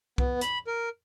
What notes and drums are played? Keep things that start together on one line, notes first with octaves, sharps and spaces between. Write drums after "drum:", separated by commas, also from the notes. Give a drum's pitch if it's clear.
B3, drum: kick C2
B5, drum: hi-hat
A#4